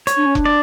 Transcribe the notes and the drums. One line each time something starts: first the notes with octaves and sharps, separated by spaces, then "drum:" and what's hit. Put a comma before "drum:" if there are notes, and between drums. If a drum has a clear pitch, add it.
C#5, drum: hi-hat
D4
C#4
D4, drum: kick F1
D5